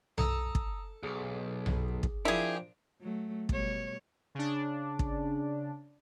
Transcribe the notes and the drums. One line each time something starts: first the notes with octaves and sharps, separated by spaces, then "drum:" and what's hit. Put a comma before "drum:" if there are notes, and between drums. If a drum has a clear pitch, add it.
A4 A#5 D#6 E6, drum: tom B1
drum: kick
B1 G#4 D6
drum: tom B1
drum: kick
F3 D4 E4 G4 G#4 A#4
F#3 A3
B2 G3 C#5, drum: kick
C#3 D4
drum: kick